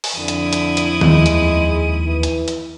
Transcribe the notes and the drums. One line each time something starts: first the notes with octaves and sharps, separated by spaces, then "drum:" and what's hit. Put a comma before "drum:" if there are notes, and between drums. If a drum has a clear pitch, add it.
drum: open hi-hat
F2 D3 E4 D#6
drum: hi-hat
drum: hi-hat
drum: hi-hat
D#2 G#3, drum: tom D#3
drum: hi-hat
E3
drum: hi-hat
drum: hi-hat